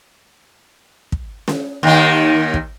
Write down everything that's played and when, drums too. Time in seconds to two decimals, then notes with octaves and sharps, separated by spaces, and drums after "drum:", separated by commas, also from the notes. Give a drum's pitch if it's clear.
1.12 drum: kick
1.48 drum: snare
1.83 D#2 D#3
2.54 drum: kick